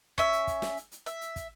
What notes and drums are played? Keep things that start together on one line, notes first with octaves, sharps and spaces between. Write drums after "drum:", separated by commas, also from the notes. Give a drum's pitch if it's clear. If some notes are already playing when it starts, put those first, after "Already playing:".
C#4 E5, drum: kick, hi-hat
drum: hi-hat
drum: kick, hi-hat
drum: snare
drum: hi-hat
drum: hi-hat
E5, drum: hi-hat
drum: hi-hat
drum: kick, hi-hat